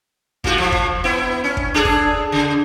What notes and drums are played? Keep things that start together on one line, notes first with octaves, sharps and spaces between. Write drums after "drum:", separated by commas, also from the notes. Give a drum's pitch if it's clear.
G#2 F4 F#4, drum: kick
A2 F3
drum: kick
B3 E4
C#4
drum: kick
D4 G#4 A4
drum: kick
C#3